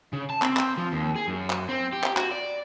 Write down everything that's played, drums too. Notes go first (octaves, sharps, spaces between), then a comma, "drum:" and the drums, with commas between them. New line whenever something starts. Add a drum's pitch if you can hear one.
C#3
A5
C4, drum: clap
drum: clap
F3
D#2
G#4
F#2
drum: clap
C4
G4
drum: clap
F#4, drum: clap
D5